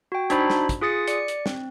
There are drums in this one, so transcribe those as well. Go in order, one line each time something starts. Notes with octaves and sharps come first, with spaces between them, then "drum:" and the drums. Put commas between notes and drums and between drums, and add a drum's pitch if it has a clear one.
F#4 G5
D4 D#4 F#4 C5 B5, drum: hi-hat
drum: snare
drum: kick, hi-hat
F4 G#4 D#6 A6 C#7
D5 C#7, drum: hi-hat
drum: hi-hat
C4, drum: snare